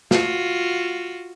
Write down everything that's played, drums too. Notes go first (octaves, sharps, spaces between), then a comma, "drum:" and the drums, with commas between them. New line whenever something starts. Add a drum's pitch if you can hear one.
F4 F#4, drum: snare